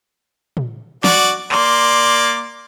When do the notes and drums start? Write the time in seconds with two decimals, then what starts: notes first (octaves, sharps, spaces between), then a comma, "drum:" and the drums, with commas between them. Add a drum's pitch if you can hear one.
0.57 drum: tom
1.04 F#4 D5, drum: snare
1.52 A#3 D5 C6, drum: clap